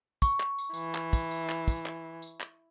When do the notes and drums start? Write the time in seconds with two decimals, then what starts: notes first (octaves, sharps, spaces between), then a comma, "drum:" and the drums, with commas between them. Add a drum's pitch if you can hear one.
0.22 C#6, drum: kick, tambourine
0.40 drum: clap
0.58 drum: tambourine
0.74 E3, drum: tambourine
0.95 drum: clap
1.13 drum: kick, tambourine
1.31 drum: tambourine
1.49 drum: clap
1.68 drum: kick, tambourine
1.86 drum: clap
2.22 drum: tambourine
2.40 drum: clap